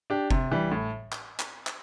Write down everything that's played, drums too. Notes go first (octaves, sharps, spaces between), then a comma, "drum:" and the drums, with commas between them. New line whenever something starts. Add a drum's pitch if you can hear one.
D4 G4
C3, drum: kick F#1
E3 G3
A2
drum: clap
drum: clap
drum: clap